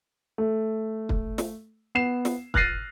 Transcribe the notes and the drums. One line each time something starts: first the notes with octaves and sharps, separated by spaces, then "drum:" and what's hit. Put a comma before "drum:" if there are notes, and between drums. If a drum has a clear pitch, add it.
A3
drum: kick
drum: snare
B3 C7 E7
drum: snare
F6 F#6 A6 A#6 C7 D#7, drum: kick